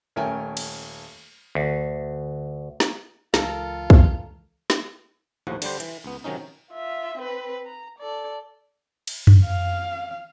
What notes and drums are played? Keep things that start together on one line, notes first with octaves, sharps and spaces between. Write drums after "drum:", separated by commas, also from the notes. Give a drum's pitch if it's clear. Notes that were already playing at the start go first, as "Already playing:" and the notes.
D#1 A3 C#4 A#4 G5 G#5
drum: cymbal
D2
drum: snare
C#2 E3 G#3 F4 A4 A#4, drum: snare
drum: kick
drum: snare
A#1 D#2 A2 F3 F#4 F#5
D3 G3 G4 C5, drum: cymbal
E3, drum: hi-hat
C#2 B3
C3 D#3 F#3 C#4 D#4
F4 E5
C4 B4
A#5
A4 D5
drum: cymbal
drum: tom F#2
F5